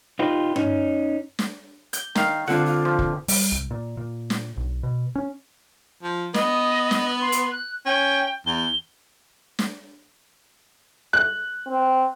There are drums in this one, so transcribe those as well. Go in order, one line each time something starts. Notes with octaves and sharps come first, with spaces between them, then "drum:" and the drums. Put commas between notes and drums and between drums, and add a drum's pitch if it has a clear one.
D#4 F4 G4 B4
C#4 D#4, drum: tom G2
drum: snare
G6, drum: hi-hat
D#3 F5, drum: snare
D3 C4 F4 F#5
F4
F3
drum: kick
G3, drum: open hi-hat
C2
A#2
A#2
drum: snare
B1
B2
C#4
F3
B3 D#5, drum: snare
drum: snare
C6
drum: hi-hat
F#6
C#4 G5
E2 G7
drum: snare
F#6
C4